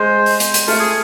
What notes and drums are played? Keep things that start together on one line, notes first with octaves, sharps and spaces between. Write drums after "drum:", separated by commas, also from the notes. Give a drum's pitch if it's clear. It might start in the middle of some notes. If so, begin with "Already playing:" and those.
Already playing: G#3 C5
drum: open hi-hat
drum: hi-hat
drum: hi-hat
A3 F4, drum: open hi-hat
G#4